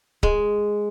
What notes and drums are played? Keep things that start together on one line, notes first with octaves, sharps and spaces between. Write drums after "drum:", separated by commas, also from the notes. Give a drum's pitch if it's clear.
G#3, drum: kick C#1